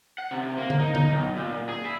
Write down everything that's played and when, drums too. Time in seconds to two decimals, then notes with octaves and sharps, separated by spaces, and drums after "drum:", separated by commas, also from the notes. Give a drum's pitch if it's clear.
0.18 F#5
0.31 C3
0.58 A#3
0.70 drum: tom D3
0.79 D#4
0.95 D#4, drum: tom D3
1.10 B1
1.36 A#2
1.69 G#4
1.85 E4